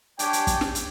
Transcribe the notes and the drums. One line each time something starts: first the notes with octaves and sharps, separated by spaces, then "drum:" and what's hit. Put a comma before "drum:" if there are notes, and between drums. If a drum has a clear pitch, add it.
D4 G4 C#5 G5 G#5, drum: hi-hat
drum: hi-hat
drum: kick, hi-hat
drum: snare
drum: hi-hat